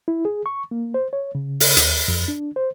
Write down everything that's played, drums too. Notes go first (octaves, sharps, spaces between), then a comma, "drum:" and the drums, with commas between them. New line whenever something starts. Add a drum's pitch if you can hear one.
E4
G#4
C#6
A#3
C5
C#5
C#3
drum: open hi-hat
D#2, drum: hi-hat
F2
D4
C5